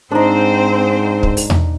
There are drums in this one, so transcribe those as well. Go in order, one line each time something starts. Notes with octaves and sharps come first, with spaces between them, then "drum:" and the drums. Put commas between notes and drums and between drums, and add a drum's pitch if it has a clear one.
G#2 C4 D4 D#4 C5
drum: kick
drum: open hi-hat
drum: tom E2